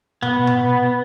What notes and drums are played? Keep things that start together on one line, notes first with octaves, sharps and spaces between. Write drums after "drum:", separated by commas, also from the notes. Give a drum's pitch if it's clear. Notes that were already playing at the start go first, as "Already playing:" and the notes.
B3, drum: tom B2
drum: tom B2